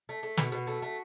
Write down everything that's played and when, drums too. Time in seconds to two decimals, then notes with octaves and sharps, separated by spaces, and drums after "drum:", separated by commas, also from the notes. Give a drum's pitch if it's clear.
0.09 A3
0.23 A3
0.37 B2 F#4, drum: snare
0.52 B2
0.67 A3
0.82 A3